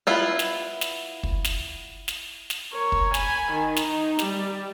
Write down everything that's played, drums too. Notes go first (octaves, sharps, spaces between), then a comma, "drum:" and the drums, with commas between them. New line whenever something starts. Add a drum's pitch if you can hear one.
B3 E4 F4
drum: snare
drum: snare
drum: kick
drum: snare
drum: snare
drum: snare
A#4 C#5
drum: kick
G#5 B5, drum: snare
D#3
drum: snare
D#4
G3 G4, drum: snare